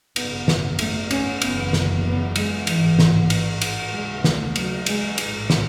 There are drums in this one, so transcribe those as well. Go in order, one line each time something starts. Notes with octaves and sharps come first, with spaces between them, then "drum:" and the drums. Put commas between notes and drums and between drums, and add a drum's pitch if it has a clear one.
G#1 F#2 C#3 B3, drum: cymbal
B3, drum: snare
A3, drum: cymbal
C#4, drum: cymbal
F#1 E2 C#3 B3, drum: cymbal
drum: snare
B3
G#3, drum: cymbal
A1 G#2 E3, drum: cymbal
drum: snare
drum: cymbal
drum: cymbal
D#2 C#3 G#3
A3, drum: snare
F#3, drum: cymbal
G#3, drum: cymbal
A1 G#2, drum: cymbal
drum: snare